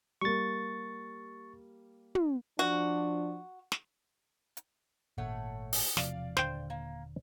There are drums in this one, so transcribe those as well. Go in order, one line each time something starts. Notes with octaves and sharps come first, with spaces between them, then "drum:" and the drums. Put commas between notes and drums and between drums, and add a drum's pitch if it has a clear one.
G3 A#3 C#6 A6
drum: tom
F3 D4 F#4
drum: snare
drum: hi-hat
G#1 A#2 A3 C#5 F#5
drum: open hi-hat
E1 C3 F3 D5 F5, drum: snare
D#1 D3 C5 G5, drum: snare
A#3